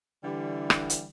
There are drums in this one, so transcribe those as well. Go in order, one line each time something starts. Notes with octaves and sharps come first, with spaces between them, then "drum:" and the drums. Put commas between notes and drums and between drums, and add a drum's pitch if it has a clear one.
D3 E3 G3
drum: rim click
drum: hi-hat